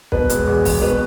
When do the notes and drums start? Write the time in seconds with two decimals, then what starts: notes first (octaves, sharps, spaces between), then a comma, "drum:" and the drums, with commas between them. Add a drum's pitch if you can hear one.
0.12 B2 B4, drum: kick
0.30 E1, drum: hi-hat
0.47 E2
0.65 E1, drum: kick, open hi-hat
0.81 B2 B4